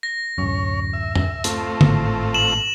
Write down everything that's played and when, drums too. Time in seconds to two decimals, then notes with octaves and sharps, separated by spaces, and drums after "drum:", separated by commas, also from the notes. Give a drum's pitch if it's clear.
0.03 A#6
0.38 D1 F#2 C#5
0.93 E5
1.15 drum: tom F2
1.44 A3 C4 F4, drum: hi-hat
1.81 G#1 A2, drum: tom D3
2.34 E7 F#7